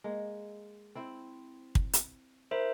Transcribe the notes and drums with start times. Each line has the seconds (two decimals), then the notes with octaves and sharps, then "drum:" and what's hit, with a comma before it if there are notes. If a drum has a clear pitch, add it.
0.04 G#3 A#3
0.95 C4 E4 C5
1.75 drum: kick
1.93 drum: hi-hat
2.51 E4 A#4 C5 E5